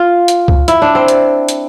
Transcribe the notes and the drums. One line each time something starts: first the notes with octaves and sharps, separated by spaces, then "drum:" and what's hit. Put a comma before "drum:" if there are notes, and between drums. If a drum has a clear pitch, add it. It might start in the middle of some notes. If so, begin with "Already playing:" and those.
Already playing: F4
drum: hi-hat
drum: kick
E4, drum: hi-hat
D4
C4
drum: hi-hat
drum: hi-hat